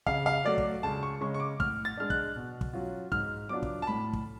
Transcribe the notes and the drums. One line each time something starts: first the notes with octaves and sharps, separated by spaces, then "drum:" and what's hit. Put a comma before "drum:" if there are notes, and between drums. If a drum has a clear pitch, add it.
C#3 F5, drum: kick
F5
F#3 A3 D5
drum: kick
C#2 A5
C#6
C#3 G#3 C#4 C#6
C#6
D6
A2 F6, drum: kick
A6
G#3 D4 F6
F#6, drum: kick
B2
drum: kick
F#3 C#4 F4
G#2 F6, drum: kick
F#3 B3 D4 F4 D6
drum: kick
A5
A2 B5
drum: kick